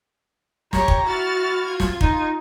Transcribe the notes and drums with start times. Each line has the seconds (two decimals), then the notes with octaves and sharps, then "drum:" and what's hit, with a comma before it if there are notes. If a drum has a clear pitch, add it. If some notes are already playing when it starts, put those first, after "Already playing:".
0.73 G4 C#5 A#5, drum: snare
0.88 drum: kick
1.06 E4 F#4 F6 A6
1.66 F4 G#6
1.80 drum: snare
2.01 D#4, drum: kick